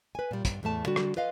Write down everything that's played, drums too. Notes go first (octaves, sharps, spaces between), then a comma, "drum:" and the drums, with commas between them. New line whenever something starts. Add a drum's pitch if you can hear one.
B4 G#5
A#2 G3
G2, drum: kick, hi-hat
E2 A2 A3 A5
D3 G3 F#4
drum: rim click
F4 B4 D#5 F5